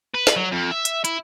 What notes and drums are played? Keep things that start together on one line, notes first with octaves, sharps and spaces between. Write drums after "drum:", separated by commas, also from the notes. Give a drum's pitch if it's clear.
B4
drum: snare
F#3
F2
E5
drum: hi-hat
E4, drum: hi-hat